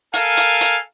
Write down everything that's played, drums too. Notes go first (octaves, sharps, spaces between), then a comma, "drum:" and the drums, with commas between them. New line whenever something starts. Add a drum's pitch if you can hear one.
A4 A#4 F5 G#5, drum: hi-hat
drum: hi-hat
drum: hi-hat